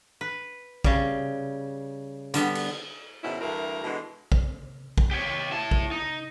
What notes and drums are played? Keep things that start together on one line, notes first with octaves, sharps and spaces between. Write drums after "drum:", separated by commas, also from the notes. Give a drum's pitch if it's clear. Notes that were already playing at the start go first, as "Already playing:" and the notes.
B4
C#3 G3, drum: kick A#1
D3 G3 B3, drum: hi-hat
drum: cymbal
G#2 B2 D#3 C#4 E4
D2 G2 E3 A3 F#4 A#4
B2 D3 E3 G#3
drum: kick A#1
drum: kick A#1
G4 C#5
E4 A5
drum: kick A#1
D#4